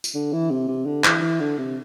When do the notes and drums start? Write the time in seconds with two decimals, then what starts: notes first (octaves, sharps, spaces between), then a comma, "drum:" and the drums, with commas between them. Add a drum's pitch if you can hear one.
0.04 drum: tambourine
0.14 D3
0.33 E3
0.50 C3
0.68 C3
0.86 D3
1.04 E3, drum: clap
1.22 E3
1.40 D3
1.58 C3